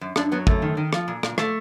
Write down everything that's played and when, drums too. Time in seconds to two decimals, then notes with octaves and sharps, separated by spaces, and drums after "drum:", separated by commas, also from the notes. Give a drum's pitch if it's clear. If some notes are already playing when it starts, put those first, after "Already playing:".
0.01 F#2
0.16 F#2 D4, drum: rim click
0.31 F#3 B3
0.47 F#2 A3, drum: kick
0.62 D#3
0.77 D#3
0.93 F3, drum: rim click
1.08 A#2
1.23 A#2, drum: rim click
1.38 A#2 A3, drum: rim click